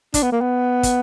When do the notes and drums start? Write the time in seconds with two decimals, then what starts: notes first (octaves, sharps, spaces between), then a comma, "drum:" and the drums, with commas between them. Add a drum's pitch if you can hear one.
0.14 D4, drum: kick, hi-hat
0.23 B3
0.32 A#3
0.41 B3
0.83 drum: kick, hi-hat